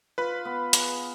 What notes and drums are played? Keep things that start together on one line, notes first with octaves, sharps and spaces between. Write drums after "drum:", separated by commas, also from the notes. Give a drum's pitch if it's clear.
F4 B4 B5
B3
G#4, drum: hi-hat